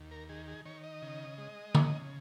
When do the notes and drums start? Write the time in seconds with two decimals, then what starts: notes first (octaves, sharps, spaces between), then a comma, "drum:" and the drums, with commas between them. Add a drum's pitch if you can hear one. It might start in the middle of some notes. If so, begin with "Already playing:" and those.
Already playing: D#2
0.11 A#4
0.29 D#3 G#4
0.48 G#4
0.65 D#3 C#5
0.84 D#5
1.02 C#3
1.38 G#3
1.75 C#3, drum: tom D3